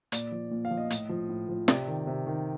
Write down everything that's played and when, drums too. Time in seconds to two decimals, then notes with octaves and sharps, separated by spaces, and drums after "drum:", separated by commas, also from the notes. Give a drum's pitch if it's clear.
0.12 A#2 D5, drum: hi-hat
0.32 F3
0.51 A#2
0.65 F5
0.71 F3
0.77 D#5
0.90 A2, drum: hi-hat
1.09 F3
1.29 A2
1.49 F3
1.68 C3 D5, drum: snare
1.88 D#3
2.07 C3
2.27 D#3